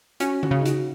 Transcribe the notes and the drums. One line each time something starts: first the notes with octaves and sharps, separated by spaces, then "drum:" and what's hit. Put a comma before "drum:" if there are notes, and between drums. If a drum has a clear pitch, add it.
C#4 F#4, drum: hi-hat
F#4, drum: tom D3
C#3
D#4
F#4, drum: hi-hat